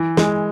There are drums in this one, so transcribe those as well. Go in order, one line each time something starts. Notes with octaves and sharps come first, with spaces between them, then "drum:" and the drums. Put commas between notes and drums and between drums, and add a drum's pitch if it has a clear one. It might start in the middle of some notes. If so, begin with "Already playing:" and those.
Already playing: E3
G#3, drum: snare